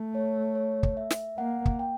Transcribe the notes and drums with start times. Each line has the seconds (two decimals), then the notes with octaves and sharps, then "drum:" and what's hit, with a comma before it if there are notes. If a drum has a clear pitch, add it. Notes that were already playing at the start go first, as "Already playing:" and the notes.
Already playing: A3
0.15 C#5
0.55 C#5
0.83 drum: kick
0.97 E5
1.11 drum: snare
1.38 A#3 F#5
1.65 drum: kick
1.79 G5